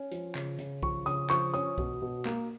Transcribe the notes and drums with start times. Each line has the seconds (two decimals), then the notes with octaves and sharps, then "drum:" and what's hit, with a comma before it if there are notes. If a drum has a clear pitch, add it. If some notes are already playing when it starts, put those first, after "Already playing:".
Already playing: C#4
0.11 F3, drum: hi-hat
0.35 C#3, drum: clap
0.59 C#3, drum: hi-hat
0.83 F3 C#6, drum: kick B1
1.06 C#3 D#6, drum: hi-hat
1.30 F3 C#6, drum: clap
1.54 C#4 D#6, drum: hi-hat
1.78 B2, drum: kick B1
2.02 B2
2.25 A#3, drum: clap